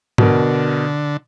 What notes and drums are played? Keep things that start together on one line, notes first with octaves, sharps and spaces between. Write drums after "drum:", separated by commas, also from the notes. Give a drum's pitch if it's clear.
B2 D3 A#4, drum: tom G#2